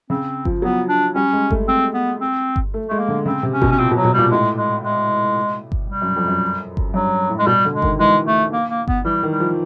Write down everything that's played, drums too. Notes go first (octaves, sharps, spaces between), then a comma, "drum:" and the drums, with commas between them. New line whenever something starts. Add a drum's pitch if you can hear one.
C#3 C4
F3, drum: kick G1
F#3 B3
D4
G3 C#4
G#3
A3, drum: kick G1
C4
B3
C4
drum: kick G1
A3
G#3 A3
A#3
D3
C#3 C4
C3
C#4
B2, drum: kick G1
C#4
A#2 C4
B2
F#3
B2
A#2 G3
A2 G#3
G#3
G#3
drum: kick G1
G3
F#2
F2
F#2
drum: kick G1
G2 F#3
A2
G#3
B2 G3
D3
G#3
D#3, drum: kick G1
E3 G#3
A3
A#3
A#3
B3, drum: kick G1
E3 G3
D#3
G3
F3